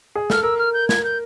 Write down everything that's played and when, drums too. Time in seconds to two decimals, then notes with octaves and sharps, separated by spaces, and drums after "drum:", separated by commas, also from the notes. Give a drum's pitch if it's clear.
0.15 G#4
0.30 A4 F6, drum: snare
0.43 A#4 E6
0.58 F6
0.74 G6
0.89 G#6, drum: snare
1.04 G6